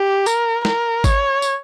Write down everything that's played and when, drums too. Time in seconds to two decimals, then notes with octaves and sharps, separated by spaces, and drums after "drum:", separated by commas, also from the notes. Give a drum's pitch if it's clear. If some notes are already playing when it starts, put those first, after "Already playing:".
Already playing: G4
0.26 A#4, drum: tambourine
0.65 A#4, drum: snare
1.04 C#5, drum: kick G#1, tambourine
1.42 drum: tambourine